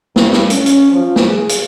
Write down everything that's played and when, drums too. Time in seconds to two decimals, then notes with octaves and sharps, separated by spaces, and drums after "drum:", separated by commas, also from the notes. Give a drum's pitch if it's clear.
0.16 G2, drum: snare
0.33 drum: snare
0.50 C#4, drum: hi-hat
0.66 drum: hi-hat
0.91 F3
1.16 drum: snare
1.25 G#4
1.49 drum: hi-hat